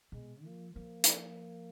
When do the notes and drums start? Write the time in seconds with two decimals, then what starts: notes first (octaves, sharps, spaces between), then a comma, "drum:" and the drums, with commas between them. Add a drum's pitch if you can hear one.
0.12 B2 G#3
0.44 F3 A#3
0.76 F3 A#3
1.04 drum: hi-hat